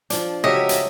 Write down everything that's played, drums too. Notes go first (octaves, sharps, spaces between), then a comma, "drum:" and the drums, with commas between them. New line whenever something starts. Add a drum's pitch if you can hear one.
F3 D4, drum: hi-hat
C#3 F#3 G#3 A3 G4 D#5 E5
drum: hi-hat